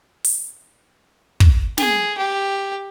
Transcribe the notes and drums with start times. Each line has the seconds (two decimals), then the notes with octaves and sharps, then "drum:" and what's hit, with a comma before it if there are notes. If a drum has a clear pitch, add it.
0.24 drum: open hi-hat
1.40 drum: kick
1.78 G#4, drum: snare
2.17 G4